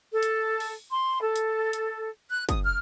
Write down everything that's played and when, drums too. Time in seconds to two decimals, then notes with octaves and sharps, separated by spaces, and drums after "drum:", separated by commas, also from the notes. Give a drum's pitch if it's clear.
0.12 A4
0.23 drum: hi-hat
0.60 drum: open hi-hat
0.90 C6
1.21 A4
1.36 drum: hi-hat
1.73 drum: hi-hat
2.30 F#6
2.49 D#6, drum: kick, hi-hat
2.64 F6